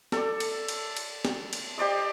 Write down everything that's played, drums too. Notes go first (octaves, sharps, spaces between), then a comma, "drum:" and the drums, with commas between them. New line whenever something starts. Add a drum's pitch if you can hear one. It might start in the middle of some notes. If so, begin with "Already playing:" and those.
A4 D5, drum: snare
drum: cymbal
drum: cymbal
drum: cymbal
drum: snare
drum: cymbal
G4 C5 D5 D#5